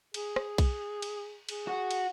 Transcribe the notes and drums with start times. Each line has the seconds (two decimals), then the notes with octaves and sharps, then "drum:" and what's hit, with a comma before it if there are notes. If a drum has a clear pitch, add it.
0.14 G#4, drum: cymbal
0.36 drum: rim click
0.58 drum: kick B1, cymbal
1.02 drum: cymbal
1.49 G#4, drum: cymbal
1.67 F#4
1.91 drum: cymbal